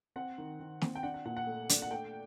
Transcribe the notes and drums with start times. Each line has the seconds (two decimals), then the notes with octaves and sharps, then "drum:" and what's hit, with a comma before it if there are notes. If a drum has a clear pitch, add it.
0.16 C4 F#5
0.38 D#3
0.60 D#3
0.81 C4, drum: snare
0.95 G5
1.03 D4 F#5
1.14 F#5
1.25 A#2 F#5
1.37 F#5
1.47 A3
1.69 D4, drum: hi-hat
1.82 F#5
1.91 A3 G5